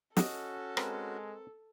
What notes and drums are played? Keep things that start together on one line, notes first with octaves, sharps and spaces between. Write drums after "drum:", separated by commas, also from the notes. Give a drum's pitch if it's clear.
C#4 F#4 A4 D#5, drum: snare
G#3 C4 A#4 B4, drum: rim click